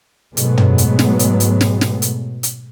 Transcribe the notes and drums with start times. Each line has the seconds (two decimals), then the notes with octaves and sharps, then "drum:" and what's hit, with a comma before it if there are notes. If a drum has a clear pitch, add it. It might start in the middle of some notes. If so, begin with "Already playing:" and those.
0.37 G#2 B2 F#3 G#3 A3 B3, drum: hi-hat
0.57 drum: tom
0.78 drum: hi-hat
0.99 drum: snare
1.19 drum: hi-hat
1.40 drum: hi-hat
1.61 drum: snare
1.81 drum: snare
2.02 drum: hi-hat
2.43 drum: hi-hat